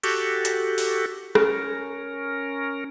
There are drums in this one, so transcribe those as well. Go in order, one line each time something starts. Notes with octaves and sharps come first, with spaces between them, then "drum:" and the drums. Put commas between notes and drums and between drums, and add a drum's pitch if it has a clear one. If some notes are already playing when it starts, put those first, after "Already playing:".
F#4 G4 A4, drum: cymbal
drum: hi-hat
drum: open hi-hat
C#4 A#4, drum: rim click